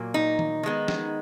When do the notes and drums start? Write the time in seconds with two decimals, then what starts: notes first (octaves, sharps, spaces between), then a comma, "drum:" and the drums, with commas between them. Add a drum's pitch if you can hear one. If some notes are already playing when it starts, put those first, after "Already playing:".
Already playing: A#2 F#3 A#3
0.14 D#4
0.39 drum: tom D#3
0.63 D#3 G#3 B3
0.88 drum: snare